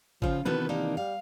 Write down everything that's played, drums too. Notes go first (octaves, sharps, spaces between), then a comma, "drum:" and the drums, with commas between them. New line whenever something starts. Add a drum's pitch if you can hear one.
C#3 F3 F4, drum: kick G#1
C3 D#3 E3 B3 F#4 A4 B4
A#3 D4 D#4 G4
G3 F5